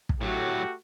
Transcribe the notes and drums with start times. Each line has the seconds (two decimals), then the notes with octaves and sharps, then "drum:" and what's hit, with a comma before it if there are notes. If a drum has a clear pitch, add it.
0.09 drum: kick
0.21 A2 F#3 A3 F#4 G4